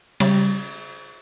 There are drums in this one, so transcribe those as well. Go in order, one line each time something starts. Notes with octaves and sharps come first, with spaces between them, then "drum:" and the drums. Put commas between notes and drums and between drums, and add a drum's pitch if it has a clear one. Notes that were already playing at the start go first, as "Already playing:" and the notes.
C#3 G3, drum: cymbal